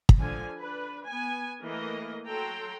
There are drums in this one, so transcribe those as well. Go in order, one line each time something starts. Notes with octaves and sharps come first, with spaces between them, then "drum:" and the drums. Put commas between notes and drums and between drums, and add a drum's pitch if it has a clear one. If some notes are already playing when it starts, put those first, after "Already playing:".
drum: kick
D3 F3 G#5
D4 B4
B3 G#5
E3 A3 A#3 A#4 D#5
F#3 A4 G5 A#5 C6